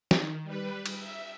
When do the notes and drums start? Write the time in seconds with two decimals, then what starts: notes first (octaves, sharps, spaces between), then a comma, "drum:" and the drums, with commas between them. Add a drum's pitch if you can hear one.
0.11 D#3, drum: snare
0.43 G3 B4
0.86 drum: cymbal
0.98 E5